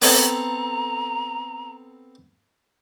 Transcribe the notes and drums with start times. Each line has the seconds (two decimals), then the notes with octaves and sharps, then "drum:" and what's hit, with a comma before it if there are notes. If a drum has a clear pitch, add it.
0.02 B3 C4 A4 A#5, drum: open hi-hat